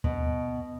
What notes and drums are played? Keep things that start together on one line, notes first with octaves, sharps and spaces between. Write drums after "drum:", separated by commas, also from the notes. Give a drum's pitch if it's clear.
B2, drum: kick D2